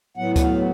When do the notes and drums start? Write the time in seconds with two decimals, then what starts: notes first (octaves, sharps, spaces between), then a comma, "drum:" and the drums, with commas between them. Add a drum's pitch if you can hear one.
0.17 A2 F#3 B3 F#5
0.36 F#5, drum: kick C#2, hi-hat
0.42 F5